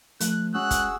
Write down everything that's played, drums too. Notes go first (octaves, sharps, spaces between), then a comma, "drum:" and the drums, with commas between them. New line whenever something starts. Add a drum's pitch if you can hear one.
F3 A3 F#6, drum: hi-hat
G#3 C#4 F#4 G#4 E6 F#6
drum: kick, hi-hat